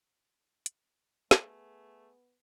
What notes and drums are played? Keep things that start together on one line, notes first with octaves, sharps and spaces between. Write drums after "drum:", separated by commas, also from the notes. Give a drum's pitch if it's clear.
drum: hi-hat
A3 B3 G#4, drum: snare